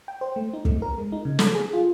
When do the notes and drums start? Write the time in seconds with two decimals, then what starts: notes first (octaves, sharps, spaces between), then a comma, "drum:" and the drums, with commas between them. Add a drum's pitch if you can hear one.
0.08 G5
0.21 C5
0.36 A3
0.53 D#4
0.65 A3, drum: kick
0.82 A#4
0.98 G#3
1.12 D#4
1.25 C#3
1.39 A4, drum: snare
1.55 G#4
1.74 F4